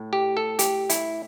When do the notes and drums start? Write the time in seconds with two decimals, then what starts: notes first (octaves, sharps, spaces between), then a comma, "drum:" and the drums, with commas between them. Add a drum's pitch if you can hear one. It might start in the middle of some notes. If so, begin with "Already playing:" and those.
Already playing: A2 A3
0.13 G4
0.37 A4
0.59 G4, drum: hi-hat
0.90 E4, drum: hi-hat